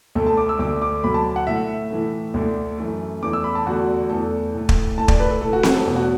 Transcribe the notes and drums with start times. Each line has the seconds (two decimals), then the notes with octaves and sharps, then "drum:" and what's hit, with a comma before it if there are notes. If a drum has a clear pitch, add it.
0.15 D2 D3 A3 A4
0.26 A5
0.37 D6
0.49 E6
0.59 D2 D3 A3 D6
0.82 D6
1.04 D2 D3 F#3 B5
1.14 A5
1.36 F#5
1.47 A2 A3 E5
1.90 A2 E3 A3
2.34 D2 D3 A3
2.78 F#2 E3 A3
3.22 E2 E3 A3 D6
3.33 E6
3.44 B5
3.55 A5
3.66 E2 D3 A3 F#4
4.09 E2 E3 A3 A4
4.54 A2 A3
4.69 drum: kick
4.97 A2 A3 A5
5.08 D5, drum: kick
5.20 B4
5.30 A4
5.41 A2 A3 A4
5.53 F#4
5.63 F#4, drum: snare C4
5.75 A4
5.85 E2 B2 A3
5.96 F#4